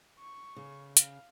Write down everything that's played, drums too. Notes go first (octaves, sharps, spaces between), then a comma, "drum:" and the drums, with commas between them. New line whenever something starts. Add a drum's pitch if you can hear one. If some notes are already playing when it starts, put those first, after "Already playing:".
C#6
C#3
F5, drum: hi-hat